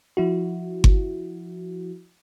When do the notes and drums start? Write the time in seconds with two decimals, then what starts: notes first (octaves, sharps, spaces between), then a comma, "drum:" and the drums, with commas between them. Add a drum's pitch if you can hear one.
0.17 F3 E4 F#4
0.84 drum: kick G1